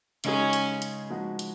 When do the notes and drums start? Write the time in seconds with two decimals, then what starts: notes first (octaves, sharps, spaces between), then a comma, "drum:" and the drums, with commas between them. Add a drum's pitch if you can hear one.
0.24 C#3 G#3 C#4 D#4 G#4, drum: hi-hat
0.53 drum: hi-hat
0.82 drum: hi-hat
1.10 F3 G#3 D#4 F#4
1.39 drum: hi-hat